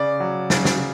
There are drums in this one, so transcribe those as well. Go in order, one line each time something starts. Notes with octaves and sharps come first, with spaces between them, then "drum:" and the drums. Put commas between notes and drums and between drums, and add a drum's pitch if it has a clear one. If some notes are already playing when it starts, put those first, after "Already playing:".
Already playing: C#3 D5
F#3
C#3, drum: snare
drum: snare